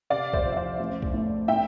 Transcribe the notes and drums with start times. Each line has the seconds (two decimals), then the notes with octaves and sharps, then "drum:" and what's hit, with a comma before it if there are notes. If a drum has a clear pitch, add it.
0.10 C3 D5 F5
0.33 C5 E5, drum: kick B1
0.45 F2
0.52 E5
0.57 D5 F5
0.80 A1
1.02 drum: kick B1
1.14 A2
1.48 A2 E5 G5